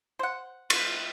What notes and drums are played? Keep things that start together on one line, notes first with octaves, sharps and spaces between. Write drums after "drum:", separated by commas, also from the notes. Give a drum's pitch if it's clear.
C5 F#5
F4 B4, drum: cymbal